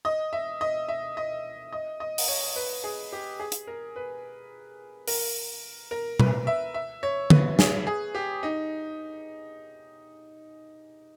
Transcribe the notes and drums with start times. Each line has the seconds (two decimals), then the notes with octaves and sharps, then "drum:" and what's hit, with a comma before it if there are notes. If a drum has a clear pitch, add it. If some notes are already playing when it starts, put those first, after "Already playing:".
0.05 D#5
0.33 E5
0.61 D#5
0.88 E5
1.17 D#5
1.72 D#5
2.00 D#5
2.18 drum: open hi-hat
2.28 C#5
2.56 B4
2.84 G#4
3.13 G4
3.40 G#4
3.52 drum: hi-hat
3.67 A#4
3.96 B4
5.08 A#4, drum: open hi-hat
5.91 A#4
6.19 B4, drum: tom B2
6.47 E5
6.74 E5
7.03 C#5
7.30 B4, drum: tom D3
7.59 G#4, drum: snare
7.87 G#4
8.15 G4
8.43 D#4